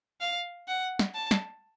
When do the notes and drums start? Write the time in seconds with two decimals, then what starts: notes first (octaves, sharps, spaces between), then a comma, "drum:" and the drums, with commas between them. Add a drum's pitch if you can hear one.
0.21 F5
0.68 F#5
0.99 drum: snare
1.15 A5
1.31 drum: snare